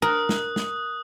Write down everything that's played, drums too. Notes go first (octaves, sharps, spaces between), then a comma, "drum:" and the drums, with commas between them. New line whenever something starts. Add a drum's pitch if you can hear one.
A#4 D#6 F#6
drum: snare
drum: snare